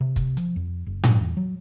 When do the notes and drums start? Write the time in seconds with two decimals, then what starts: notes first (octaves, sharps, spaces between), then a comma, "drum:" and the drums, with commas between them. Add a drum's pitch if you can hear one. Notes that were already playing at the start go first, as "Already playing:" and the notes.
0.01 C3
0.16 drum: kick, hi-hat
0.37 F3, drum: hi-hat
0.56 F2
0.87 F#1
1.04 G2, drum: tom A2
1.20 E2
1.37 F#3